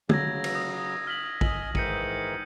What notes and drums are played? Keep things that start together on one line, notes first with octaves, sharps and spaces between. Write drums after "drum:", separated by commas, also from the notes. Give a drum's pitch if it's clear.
C#3 F#3 E6 G#6 A#6, drum: tom
drum: cymbal
D#6
F6 B6 F#7
D#5 G#5 F#7, drum: kick
G#2 D#3 E3 G6 C#7 D#7, drum: kick